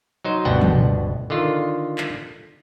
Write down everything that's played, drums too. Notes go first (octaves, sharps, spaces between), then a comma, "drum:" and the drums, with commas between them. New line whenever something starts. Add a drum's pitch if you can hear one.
F#3 D#4 C5
G1 D2 B2 D4 F#5 G5
drum: tom
D3 D#3 F4
drum: clap